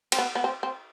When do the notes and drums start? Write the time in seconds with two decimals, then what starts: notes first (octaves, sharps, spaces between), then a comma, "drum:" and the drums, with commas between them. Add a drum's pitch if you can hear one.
0.12 C4, drum: cymbal
0.18 B3
0.35 B3
0.44 C4
0.63 C4